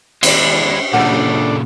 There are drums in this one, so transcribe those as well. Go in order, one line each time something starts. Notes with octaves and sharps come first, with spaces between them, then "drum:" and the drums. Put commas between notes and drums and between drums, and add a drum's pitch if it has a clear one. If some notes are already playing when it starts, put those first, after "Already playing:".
D#2 A2 G#3 E4 D5, drum: cymbal
A#2 C#3 F#3 D4 A4 F#5